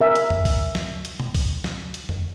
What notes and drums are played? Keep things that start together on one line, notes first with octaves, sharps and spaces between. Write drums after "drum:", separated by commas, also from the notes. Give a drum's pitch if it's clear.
A#4 E5 G#5
drum: hi-hat
drum: tom F2
drum: kick C2, open hi-hat
drum: snare
drum: hi-hat
drum: tom B2
drum: kick C2, open hi-hat
drum: snare
drum: hi-hat
drum: tom F2